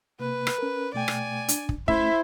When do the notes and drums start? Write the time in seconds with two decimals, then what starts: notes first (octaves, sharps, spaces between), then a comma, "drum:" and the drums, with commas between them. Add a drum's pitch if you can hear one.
0.20 C3 A#3 B4
0.47 drum: rim click
0.58 C#4 A#4
0.94 B2 A3 D5 G5 G#5
1.08 drum: rim click
1.48 D4, drum: hi-hat
1.69 drum: kick
1.88 A3 C#4 E4 C5 E5, drum: kick